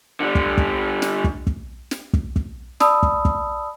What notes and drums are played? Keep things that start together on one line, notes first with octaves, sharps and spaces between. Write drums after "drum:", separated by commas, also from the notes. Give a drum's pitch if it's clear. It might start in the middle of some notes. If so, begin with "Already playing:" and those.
D3 G3
drum: kick
drum: kick
drum: snare
drum: kick
drum: kick
drum: snare
drum: kick
drum: kick
D5 A5 B5 D#6 E6, drum: snare
drum: kick
drum: kick